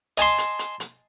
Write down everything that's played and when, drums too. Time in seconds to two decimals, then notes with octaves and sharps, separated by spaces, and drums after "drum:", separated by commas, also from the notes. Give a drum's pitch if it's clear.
0.18 D#5 G#5 A5 C6, drum: hi-hat
0.38 drum: hi-hat
0.59 drum: hi-hat
0.80 drum: hi-hat